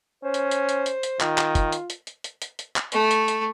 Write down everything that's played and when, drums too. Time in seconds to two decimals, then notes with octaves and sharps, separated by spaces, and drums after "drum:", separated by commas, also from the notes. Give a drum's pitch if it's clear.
0.24 C#4 C5
0.34 drum: hi-hat
0.51 drum: hi-hat
0.69 drum: hi-hat
0.86 drum: hi-hat
1.03 drum: hi-hat
1.21 D#3 F4, drum: clap
1.38 drum: clap
1.55 drum: kick, hi-hat
1.72 drum: hi-hat
1.90 drum: hi-hat
2.07 drum: hi-hat
2.24 drum: hi-hat
2.42 drum: hi-hat
2.59 drum: hi-hat
2.76 drum: clap
2.92 A3, drum: hi-hat
3.11 drum: hi-hat
3.28 drum: hi-hat